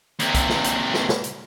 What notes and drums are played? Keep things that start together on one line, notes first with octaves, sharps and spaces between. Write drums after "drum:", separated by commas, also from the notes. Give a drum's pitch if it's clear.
D#2 C3, drum: hi-hat
drum: kick B1, hi-hat
drum: snare
drum: hi-hat
drum: snare
drum: snare
drum: hi-hat